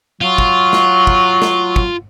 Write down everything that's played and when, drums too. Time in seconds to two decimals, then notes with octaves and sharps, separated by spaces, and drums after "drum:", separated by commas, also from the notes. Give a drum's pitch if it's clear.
0.21 F#3 F4
0.38 drum: kick
0.73 drum: snare
1.07 drum: kick
1.42 drum: snare
1.76 drum: kick